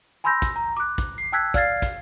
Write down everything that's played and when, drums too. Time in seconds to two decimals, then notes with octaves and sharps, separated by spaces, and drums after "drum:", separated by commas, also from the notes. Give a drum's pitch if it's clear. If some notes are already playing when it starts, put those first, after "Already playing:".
0.24 G#5 B5 C6 E6 G6 A#6
0.42 drum: kick, hi-hat
0.56 A#5
0.77 D6 F#6
0.98 drum: kick, hi-hat
1.18 C7
1.32 G5 A5 E6 F#6 G#6 B6
1.54 D5 F5 F6 G#6 A6 C7, drum: kick, hi-hat
1.82 drum: kick, hi-hat